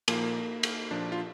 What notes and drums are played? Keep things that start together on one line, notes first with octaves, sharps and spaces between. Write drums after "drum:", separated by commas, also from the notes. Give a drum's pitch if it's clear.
A#2 F3 A#3, drum: cymbal
drum: cymbal
A#2 F3 D4
F4